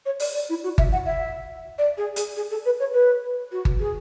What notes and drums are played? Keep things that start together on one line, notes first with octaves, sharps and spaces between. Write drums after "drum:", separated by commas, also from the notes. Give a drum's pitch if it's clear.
C#5
D5, drum: open hi-hat
D5
E4
F#4
E5, drum: kick G1
F#5
E5
D5
G#4
G#4, drum: hi-hat
G#4
A4
B4
C#5
B4
F#4
drum: kick G1
G#4